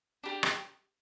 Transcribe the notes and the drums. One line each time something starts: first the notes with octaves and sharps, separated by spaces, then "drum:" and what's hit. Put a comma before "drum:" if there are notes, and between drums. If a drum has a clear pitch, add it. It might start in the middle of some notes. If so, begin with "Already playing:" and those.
D4 G4
drum: rim click